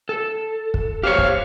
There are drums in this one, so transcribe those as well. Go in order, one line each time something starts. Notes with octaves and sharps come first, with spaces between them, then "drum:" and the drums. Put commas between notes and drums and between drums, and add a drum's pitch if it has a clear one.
A4
drum: kick
G4 C5 C#5 F5
drum: kick